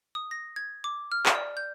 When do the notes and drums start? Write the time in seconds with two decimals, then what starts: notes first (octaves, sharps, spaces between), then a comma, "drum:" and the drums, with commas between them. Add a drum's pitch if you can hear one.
0.15 D#6
0.31 A#6
0.56 G#6
0.84 D6
1.12 F6
1.26 drum: clap
1.35 D5
1.57 G6